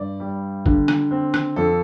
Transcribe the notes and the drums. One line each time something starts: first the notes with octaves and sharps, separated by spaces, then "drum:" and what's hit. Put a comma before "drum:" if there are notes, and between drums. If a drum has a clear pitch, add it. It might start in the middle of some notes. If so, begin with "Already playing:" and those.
Already playing: G2 D5
G3
D3, drum: kick G1
drum: rim click
C4
drum: rim click
F2 A4